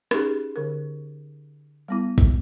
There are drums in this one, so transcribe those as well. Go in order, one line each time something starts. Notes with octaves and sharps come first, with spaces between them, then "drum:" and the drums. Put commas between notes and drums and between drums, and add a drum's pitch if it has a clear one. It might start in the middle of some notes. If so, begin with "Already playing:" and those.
C#4 D#4 G4 G#4, drum: rim click
D3 A#4
G3 B3 E4
drum: kick